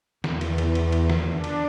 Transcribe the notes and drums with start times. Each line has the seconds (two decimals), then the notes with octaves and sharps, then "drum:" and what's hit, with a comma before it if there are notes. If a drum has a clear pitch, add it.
0.24 E2, drum: snare
0.41 drum: cymbal
0.58 drum: cymbal
0.75 drum: cymbal
0.92 drum: cymbal
1.10 drum: snare
1.32 D4
1.44 drum: cymbal